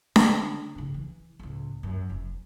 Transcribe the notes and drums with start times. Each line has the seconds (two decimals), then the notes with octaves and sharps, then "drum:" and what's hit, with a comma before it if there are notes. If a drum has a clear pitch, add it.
0.16 D3 C#4, drum: snare D4
0.75 G2 C#3
0.94 E3
1.39 C#2 A2
1.83 F#2
2.10 F1